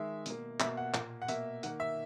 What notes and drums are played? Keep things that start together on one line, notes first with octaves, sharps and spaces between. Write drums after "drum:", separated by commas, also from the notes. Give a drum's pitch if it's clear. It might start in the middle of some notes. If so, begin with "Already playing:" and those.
Already playing: D#3 G#3 E5
B2 A#3, drum: hi-hat
B2 A#3 E5, drum: clap
F#5
A#2 A#3, drum: clap
F#5
B2 A#3 E5, drum: hi-hat
D#3 A#3 F#5, drum: hi-hat
E5